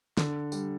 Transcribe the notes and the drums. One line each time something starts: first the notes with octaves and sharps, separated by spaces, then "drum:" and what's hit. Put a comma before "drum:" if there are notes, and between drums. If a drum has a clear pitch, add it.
D3, drum: snare
G3, drum: tambourine